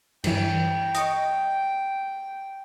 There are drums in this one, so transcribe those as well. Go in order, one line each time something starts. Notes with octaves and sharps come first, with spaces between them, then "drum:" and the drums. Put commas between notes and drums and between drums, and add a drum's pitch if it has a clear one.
G2 E3 G5, drum: cymbal
D#5 C#6, drum: hi-hat